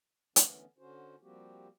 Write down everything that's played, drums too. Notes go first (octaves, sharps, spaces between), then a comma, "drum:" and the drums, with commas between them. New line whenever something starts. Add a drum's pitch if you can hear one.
D3 E3 A3 B3 C#4, drum: hi-hat
D3 C#4 F#4 C5
F3 G3 A#3 C4 F#4 G4